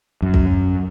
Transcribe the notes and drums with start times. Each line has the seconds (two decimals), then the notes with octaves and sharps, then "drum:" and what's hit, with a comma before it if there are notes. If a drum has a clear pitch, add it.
0.22 F#2
0.34 drum: kick